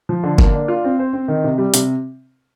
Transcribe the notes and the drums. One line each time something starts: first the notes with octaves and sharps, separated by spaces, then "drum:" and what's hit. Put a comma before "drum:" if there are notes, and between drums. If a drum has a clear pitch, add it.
F3
D3
A#3, drum: kick G1
D4
F4
C4
C5
C4
D#3
C3
G3
C3, drum: hi-hat